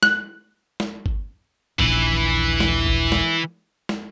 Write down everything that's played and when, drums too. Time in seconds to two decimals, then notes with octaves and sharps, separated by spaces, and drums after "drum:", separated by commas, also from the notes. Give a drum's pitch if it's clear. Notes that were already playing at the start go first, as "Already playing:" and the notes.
0.03 F#6, drum: snare
0.80 drum: snare
1.06 drum: kick
1.79 D#1 A#1 E3 B4
2.60 drum: snare
2.86 drum: kick
3.12 drum: snare
3.89 drum: snare